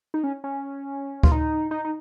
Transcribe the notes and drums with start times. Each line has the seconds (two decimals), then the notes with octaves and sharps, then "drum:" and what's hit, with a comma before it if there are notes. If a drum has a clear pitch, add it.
0.14 D#4
0.24 C#4
0.44 C#4
1.23 F4, drum: kick D2
1.32 D#4
1.71 D#4
1.85 D#4